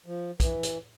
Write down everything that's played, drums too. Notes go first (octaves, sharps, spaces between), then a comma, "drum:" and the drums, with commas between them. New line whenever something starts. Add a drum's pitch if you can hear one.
F3
E3, drum: kick, hi-hat
drum: hi-hat